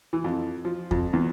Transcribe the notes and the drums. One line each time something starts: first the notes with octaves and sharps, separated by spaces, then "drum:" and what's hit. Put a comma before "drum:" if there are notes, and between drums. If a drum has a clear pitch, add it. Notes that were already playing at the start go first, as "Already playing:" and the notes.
E3
F2
F3
F2, drum: kick E2
E2